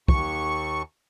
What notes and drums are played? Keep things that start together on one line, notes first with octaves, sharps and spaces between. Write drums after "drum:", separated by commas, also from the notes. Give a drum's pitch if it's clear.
D#2 C#6, drum: kick